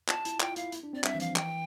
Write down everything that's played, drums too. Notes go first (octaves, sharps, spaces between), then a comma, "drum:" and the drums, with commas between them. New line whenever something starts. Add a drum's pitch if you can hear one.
F4 A5, drum: clap
E4, drum: hi-hat
F4 G5, drum: clap
E4 F5, drum: hi-hat
E4, drum: hi-hat
D4
C4 D5
G3 E5, drum: clap
E3
F3 F5, drum: hi-hat
E3 G5, drum: clap